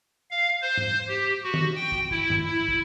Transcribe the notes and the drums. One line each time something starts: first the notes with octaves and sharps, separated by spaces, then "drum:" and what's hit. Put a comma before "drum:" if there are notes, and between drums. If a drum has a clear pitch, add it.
F5
C5
drum: tom G#2
G4
F#4
drum: tom
G5
drum: kick
E4, drum: kick
drum: tom G2
E4
drum: kick